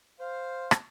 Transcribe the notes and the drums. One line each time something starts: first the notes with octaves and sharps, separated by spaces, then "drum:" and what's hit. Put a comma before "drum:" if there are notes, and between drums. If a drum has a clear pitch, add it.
C5 F5
drum: rim click